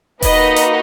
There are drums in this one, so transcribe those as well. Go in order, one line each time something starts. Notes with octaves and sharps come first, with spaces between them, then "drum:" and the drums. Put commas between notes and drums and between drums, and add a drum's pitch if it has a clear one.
A#3 D#4 F#4 B4 D#5, drum: kick D#1, open hi-hat
drum: hi-hat